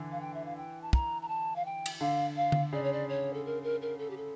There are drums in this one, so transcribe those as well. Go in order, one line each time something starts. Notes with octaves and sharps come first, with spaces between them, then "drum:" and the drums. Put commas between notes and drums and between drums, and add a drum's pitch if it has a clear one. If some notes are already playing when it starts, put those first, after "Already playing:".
Already playing: D3 E3
F5
G5
E5
F5
G5
A5
A#5, drum: kick
A#5
A5
F5
G5
drum: cymbal
D3 F5
F5
drum: tom D3
C#3 D5
C#5
D5
C#5
A4
A#4
A#4
A#4
A4
G4
A4